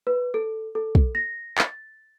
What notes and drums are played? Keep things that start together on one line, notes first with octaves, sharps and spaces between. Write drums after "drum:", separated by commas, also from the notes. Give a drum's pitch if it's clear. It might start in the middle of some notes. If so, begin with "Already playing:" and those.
B4
A4
A4
drum: kick
A#6
A6, drum: clap